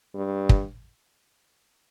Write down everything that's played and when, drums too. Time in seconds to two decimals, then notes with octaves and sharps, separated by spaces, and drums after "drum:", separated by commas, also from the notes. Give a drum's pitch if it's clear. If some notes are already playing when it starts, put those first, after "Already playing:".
0.15 G2
0.49 drum: kick